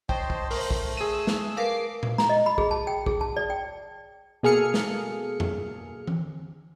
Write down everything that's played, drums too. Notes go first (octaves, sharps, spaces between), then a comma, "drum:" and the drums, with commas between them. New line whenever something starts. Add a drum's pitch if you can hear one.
C5 C#5 D#5 G5 A5, drum: kick
drum: kick
A3 A#4, drum: open hi-hat
drum: kick
G#4 E6 D#7
drum: snare
A#4 B4 F5 D6 C7
drum: tom A#2
A#5, drum: snare
D#5
B5
G#4, drum: kick
A5
G5
G#4, drum: kick
A5
D5
G5
B2 A#3 G#4 A4 F6 C#7
drum: snare
drum: tom F2
drum: tom E3